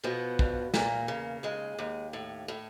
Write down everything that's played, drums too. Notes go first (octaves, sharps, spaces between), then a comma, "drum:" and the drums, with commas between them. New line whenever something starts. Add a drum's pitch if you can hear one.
B2 F3 B3
G2, drum: kick
E2 A#2 A#3, drum: snare
C#3
D#2 G#3
D#2
A2
A2